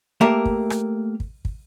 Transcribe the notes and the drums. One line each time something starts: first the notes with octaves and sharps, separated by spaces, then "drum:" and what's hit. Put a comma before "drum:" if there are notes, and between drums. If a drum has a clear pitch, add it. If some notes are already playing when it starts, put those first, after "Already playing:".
A3 A#3 G4 A#4 E5
drum: kick
drum: rim click
drum: kick
drum: kick